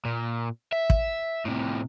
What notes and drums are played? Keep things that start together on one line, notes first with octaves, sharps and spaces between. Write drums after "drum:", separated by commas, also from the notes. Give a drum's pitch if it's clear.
A#2
E5
drum: kick
A2 C3